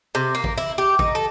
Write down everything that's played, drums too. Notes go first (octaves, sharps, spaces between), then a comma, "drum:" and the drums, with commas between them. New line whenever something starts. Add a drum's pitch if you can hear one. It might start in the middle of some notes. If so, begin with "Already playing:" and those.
C3
A#3
drum: kick
E4
G4
D#4, drum: kick
A4